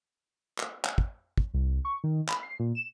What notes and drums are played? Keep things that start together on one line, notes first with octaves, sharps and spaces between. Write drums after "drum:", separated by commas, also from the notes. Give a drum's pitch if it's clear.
drum: clap
drum: clap
drum: kick
drum: kick
C2
C#6
D#3
B5, drum: clap
C7
A#2
E7